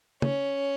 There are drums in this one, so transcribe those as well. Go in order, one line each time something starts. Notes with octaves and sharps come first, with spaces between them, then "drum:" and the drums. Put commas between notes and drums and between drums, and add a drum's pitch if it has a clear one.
C#4, drum: tom